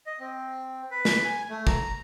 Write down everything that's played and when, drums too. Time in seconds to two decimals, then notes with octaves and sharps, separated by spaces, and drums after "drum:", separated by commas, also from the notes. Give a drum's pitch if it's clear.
0.06 D#5
0.20 C4
0.91 B4
1.05 drum: snare
1.25 G#5
1.50 A3
1.67 A#5, drum: kick